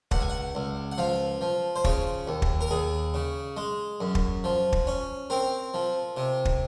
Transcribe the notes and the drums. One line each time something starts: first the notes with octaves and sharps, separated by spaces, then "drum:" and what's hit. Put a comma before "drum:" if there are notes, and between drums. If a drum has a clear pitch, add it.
C#2 F#5, drum: kick
G#5
F#5
C#2
F#5
F3 F5
F3
C5
C#3 C#5, drum: kick
D#2
drum: kick
A#4
D#2 G#4
C#3
G#3
F#2
drum: kick
F3
drum: kick
C#4
C4 A#4
F3
C3
drum: kick